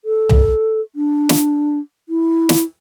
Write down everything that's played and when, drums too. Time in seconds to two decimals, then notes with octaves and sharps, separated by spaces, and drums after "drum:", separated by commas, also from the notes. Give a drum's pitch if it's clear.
0.05 A4
0.29 drum: tom
0.96 D4
1.29 drum: snare
2.09 E4
2.49 drum: snare